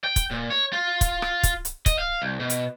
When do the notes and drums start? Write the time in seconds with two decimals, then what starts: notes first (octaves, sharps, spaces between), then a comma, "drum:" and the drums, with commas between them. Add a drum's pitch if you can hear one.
0.04 G5
0.16 drum: kick, hi-hat
0.31 A#2
0.50 C#5
0.73 F4
1.01 drum: kick, hi-hat
1.22 drum: rim click
1.43 drum: kick, hi-hat
1.65 drum: hi-hat
1.86 D#5, drum: kick, hi-hat
1.98 F5
2.22 C2
2.40 B2
2.50 drum: hi-hat